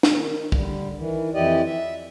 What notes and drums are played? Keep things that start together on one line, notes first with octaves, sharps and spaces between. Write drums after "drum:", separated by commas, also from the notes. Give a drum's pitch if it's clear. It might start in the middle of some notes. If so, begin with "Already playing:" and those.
drum: snare
D#3
D3 G3, drum: kick
D#3 E3
F2 E3 E4 G4 D5 D#5
E5